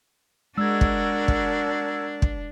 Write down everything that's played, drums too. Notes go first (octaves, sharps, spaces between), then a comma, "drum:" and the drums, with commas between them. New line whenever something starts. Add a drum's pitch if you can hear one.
G#3 D4 F#4 A#4 E6 G#6
drum: kick
drum: kick
drum: kick